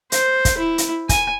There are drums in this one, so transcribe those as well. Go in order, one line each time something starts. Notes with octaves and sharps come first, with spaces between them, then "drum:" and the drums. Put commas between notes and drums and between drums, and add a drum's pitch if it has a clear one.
C5, drum: hi-hat
drum: kick, hi-hat
E4
drum: hi-hat
G#5, drum: kick, hi-hat